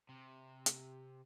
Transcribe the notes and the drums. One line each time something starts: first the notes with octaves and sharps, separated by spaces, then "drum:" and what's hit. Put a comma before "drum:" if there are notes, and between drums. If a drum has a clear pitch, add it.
C3
drum: hi-hat